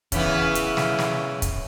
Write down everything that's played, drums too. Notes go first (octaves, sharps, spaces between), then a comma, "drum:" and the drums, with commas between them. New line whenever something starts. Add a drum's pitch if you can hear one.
C#3 E3 B3, drum: kick, hi-hat
drum: hi-hat
drum: snare
drum: snare
drum: kick, hi-hat